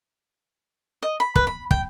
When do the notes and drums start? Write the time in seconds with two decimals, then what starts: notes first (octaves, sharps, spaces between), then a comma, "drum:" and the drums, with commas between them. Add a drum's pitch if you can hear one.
1.03 D#5
1.20 B5
1.36 B4, drum: kick
1.47 B5
1.71 G5, drum: kick